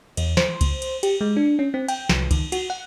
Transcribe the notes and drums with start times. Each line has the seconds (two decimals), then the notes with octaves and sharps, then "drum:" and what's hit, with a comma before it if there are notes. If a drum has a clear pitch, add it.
0.17 E2, drum: cymbal
0.37 C5, drum: snare
0.61 drum: kick C#2, cymbal
0.82 drum: cymbal
1.03 G4, drum: cymbal
1.21 G#3
1.37 D4
1.59 C#4
1.74 C4
1.88 G5, drum: cymbal
2.09 C2, drum: snare
2.31 D#3, drum: kick C#2, cymbal
2.52 F#4, drum: cymbal
2.70 F#5